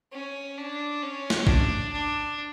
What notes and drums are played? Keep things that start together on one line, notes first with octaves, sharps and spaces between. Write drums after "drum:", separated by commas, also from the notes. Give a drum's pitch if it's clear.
C#4
D4
C#4
drum: snare
D4, drum: kick G#1
D4